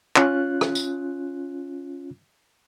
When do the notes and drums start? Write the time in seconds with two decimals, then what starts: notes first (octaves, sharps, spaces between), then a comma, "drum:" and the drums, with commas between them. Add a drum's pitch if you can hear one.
0.16 C#4 F4 F#6, drum: clap
0.61 drum: rim click
0.75 drum: tambourine